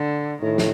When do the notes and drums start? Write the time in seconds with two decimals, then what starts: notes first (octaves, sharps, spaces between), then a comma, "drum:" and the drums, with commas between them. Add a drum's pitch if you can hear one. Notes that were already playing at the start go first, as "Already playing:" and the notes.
Already playing: D3
0.42 A2 D#3
0.58 drum: snare